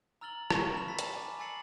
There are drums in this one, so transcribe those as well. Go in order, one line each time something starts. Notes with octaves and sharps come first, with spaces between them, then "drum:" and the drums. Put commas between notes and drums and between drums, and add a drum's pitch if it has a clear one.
A#5 E6 F6 A6 F#7 G7
A5 C#6 E6 A6 E7 G7, drum: rim click
B5 F7
E6 A6 B6
drum: hi-hat
G#5 D6
G#5 E6 A6 C7 C#7 F#7